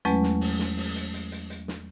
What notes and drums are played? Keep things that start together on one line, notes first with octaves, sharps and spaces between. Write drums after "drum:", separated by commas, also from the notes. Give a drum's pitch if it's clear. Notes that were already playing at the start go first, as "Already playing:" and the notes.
E2 F#3 G#3 A3 C#4 B4, drum: hi-hat
drum: snare
drum: open hi-hat
drum: snare
drum: open hi-hat
drum: hi-hat
drum: hi-hat
drum: hi-hat
drum: hi-hat
drum: snare